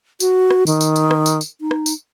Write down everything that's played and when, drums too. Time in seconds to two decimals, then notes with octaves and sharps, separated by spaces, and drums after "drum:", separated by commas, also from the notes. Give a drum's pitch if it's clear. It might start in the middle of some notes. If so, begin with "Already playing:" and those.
0.20 F#4, drum: tambourine
0.50 drum: rim click
0.67 D#3, drum: tambourine
0.81 drum: tambourine
0.96 drum: tambourine
1.11 drum: rim click
1.26 drum: tambourine
1.41 drum: tambourine
1.61 D#4
1.71 drum: rim click
1.86 drum: tambourine